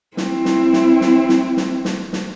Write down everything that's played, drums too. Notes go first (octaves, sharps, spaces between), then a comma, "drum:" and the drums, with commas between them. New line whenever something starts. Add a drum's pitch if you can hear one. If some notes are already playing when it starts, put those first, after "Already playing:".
C4 E4, drum: snare
drum: snare
drum: snare
drum: snare
drum: snare
drum: snare
drum: snare
drum: snare